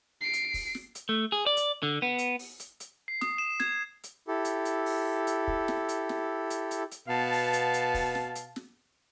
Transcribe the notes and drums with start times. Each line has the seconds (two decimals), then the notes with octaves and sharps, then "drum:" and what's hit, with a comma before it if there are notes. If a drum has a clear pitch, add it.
0.21 C7 D7
0.33 drum: hi-hat
0.54 drum: kick, open hi-hat
0.75 drum: snare
0.95 drum: hi-hat
1.09 A3
1.32 G#4
1.46 D5
1.57 drum: hi-hat
1.83 D3
2.02 B3
2.19 drum: hi-hat
2.39 drum: open hi-hat
2.60 drum: hi-hat
2.80 drum: hi-hat
3.08 C7
3.21 D#6, drum: snare
3.38 E7
3.60 G#6, drum: snare
4.04 drum: hi-hat
4.28 E4 G4 A4
4.45 drum: hi-hat
4.65 drum: hi-hat
4.86 drum: open hi-hat
5.27 drum: hi-hat
5.48 drum: kick
5.68 drum: snare
5.89 drum: hi-hat
6.09 drum: snare
6.50 drum: hi-hat
6.71 drum: hi-hat
6.92 drum: hi-hat
7.08 B2 B3 F5 A5
7.33 drum: open hi-hat
7.53 drum: hi-hat
7.74 drum: hi-hat
7.94 drum: kick, open hi-hat
8.15 drum: snare
8.35 drum: hi-hat
8.56 drum: snare